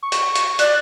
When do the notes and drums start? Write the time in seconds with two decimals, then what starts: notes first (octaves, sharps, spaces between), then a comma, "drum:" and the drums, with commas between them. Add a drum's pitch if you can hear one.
0.03 C#6
0.12 drum: hi-hat
0.36 drum: hi-hat
0.59 D5 F#6, drum: hi-hat